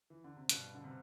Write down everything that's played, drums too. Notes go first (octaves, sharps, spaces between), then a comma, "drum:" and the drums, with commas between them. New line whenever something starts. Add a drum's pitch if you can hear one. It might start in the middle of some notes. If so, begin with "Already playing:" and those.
E3
D3
C3
G2 B2, drum: hi-hat
D3
C3